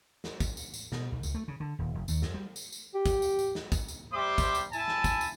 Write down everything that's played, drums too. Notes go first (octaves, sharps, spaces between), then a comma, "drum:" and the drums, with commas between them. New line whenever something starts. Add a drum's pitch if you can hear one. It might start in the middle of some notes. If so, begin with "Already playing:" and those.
drum: snare
drum: kick, tambourine
drum: tambourine
drum: tambourine
B2, drum: snare
B1
C#2, drum: tambourine
A3
C#3
D3
D#1
F1
D#2, drum: tambourine
F#2, drum: snare
G3
drum: tambourine
drum: tambourine
G4
drum: kick, tambourine
drum: tambourine
drum: tambourine
drum: snare
drum: kick, tambourine
drum: tambourine
G3 G4 C5 E5 C6 D6
drum: kick, tambourine
drum: tambourine
E4 G#5 A5, drum: tambourine
drum: snare
drum: kick, tambourine
drum: tambourine